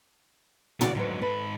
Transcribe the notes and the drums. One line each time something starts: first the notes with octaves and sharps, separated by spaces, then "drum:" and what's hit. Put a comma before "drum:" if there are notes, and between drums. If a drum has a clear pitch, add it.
C#3 E3 F#4 D5, drum: tom
F2 G#2 D3 F#3 B4
G#2 A4 B4 B5